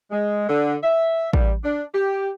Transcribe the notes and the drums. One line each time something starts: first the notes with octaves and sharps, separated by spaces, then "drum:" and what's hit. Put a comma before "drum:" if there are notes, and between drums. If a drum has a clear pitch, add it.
G#3
D3
E5
G3, drum: kick A1
D4
G4